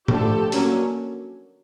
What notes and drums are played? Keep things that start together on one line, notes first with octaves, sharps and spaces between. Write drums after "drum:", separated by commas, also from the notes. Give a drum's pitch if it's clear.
D3 F3 A3 G4 A4, drum: tom G#2
D3 F#3 A#3 C#4, drum: open hi-hat